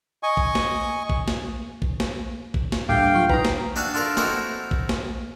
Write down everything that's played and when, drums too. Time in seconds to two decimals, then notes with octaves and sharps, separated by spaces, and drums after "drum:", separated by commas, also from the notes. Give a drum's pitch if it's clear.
0.23 D#5 G#5 C#6
0.37 drum: kick A1
0.55 drum: snare
1.10 drum: kick A1
1.28 drum: snare
1.82 drum: kick A1
2.00 drum: snare
2.54 drum: kick A1
2.72 drum: snare
2.89 D2 A2 G3 F5 G5
3.15 F#3 F4
3.29 D#4 B4 A#5, drum: kick A1
3.45 drum: snare
3.76 D4 F#4 E5 F5 G5 G#5
3.94 D4 F4 A4 A#4 C5
4.17 C4 D#4 E4 F#4 A4 A#4, drum: snare
4.71 drum: kick A1
4.89 drum: snare